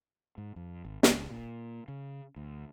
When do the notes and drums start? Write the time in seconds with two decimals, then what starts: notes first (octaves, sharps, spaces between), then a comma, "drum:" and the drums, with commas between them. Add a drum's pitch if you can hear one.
0.38 G#2
0.56 F2
0.85 G#1
1.03 C#2, drum: snare
1.31 A#2
1.88 C#3
2.36 D2